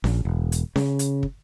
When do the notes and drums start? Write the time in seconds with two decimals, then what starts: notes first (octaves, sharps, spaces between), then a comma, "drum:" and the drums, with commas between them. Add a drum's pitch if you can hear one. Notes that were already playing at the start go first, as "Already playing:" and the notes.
0.04 A#1, drum: snare C#4
0.25 E1
0.52 drum: hi-hat
0.76 C#3, drum: snare C#4
0.99 drum: hi-hat
1.23 drum: kick